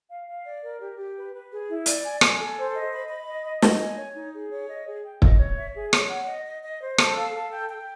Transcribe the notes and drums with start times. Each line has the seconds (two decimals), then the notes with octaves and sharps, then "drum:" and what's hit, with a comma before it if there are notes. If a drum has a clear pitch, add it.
0.09 F5
0.28 F5
0.45 D5
0.62 A#4
0.80 G4
0.97 G4
1.16 B4
1.33 B4
1.51 G#4
1.68 E4
1.86 D5, drum: hi-hat
2.04 G#5
2.21 G#5, drum: rim click
2.38 A4
2.57 C5
2.75 D#5
2.92 B5
3.09 B5
3.27 D#5
3.44 D#5
3.62 D#5, drum: snare
3.80 G#5
3.97 C#5
4.15 D#4
4.33 G#4
4.51 C#5
4.68 D#5
4.86 G#4
5.03 G5
5.22 D#5, drum: kick
5.39 C#5
5.57 E5
5.75 G#4
5.93 C#5, drum: rim click
6.10 F#5
6.27 D#5
6.45 D#5
6.63 D#5
6.80 C5
6.98 A4, drum: rim click
7.16 F5
7.33 A4
7.51 G5
7.68 G5